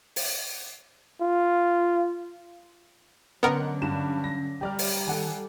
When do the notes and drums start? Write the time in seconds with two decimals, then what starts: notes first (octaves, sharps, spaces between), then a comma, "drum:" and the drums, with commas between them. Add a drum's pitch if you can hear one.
0.16 drum: open hi-hat
1.21 F4
3.43 D3 F#3 B3 C#4 A#4 D#5 F#5 C6
3.82 G2 E7
4.24 A#6
4.61 G3 G4 D5 A#5 F6
4.79 drum: open hi-hat
5.07 D#3 A4 F#5 G#5